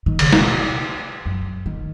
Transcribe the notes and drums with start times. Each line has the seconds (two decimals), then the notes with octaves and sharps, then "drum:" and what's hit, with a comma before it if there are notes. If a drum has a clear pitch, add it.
0.06 D#3
0.19 C#3, drum: cymbal
0.33 B2, drum: snare
1.26 F#2
1.66 D#3